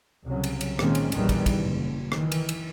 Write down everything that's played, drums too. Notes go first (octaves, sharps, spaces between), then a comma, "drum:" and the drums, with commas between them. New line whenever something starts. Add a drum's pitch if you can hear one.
C2 C#3 F#3
drum: cymbal
drum: cymbal
A#2 D#3 G#3 A#3 C4 C#4, drum: rim click
drum: cymbal
A#1 E2 D#3 E3 G3, drum: cymbal
drum: kick, cymbal
drum: kick, cymbal
F#1
D#3 E3, drum: rim click
drum: cymbal
drum: cymbal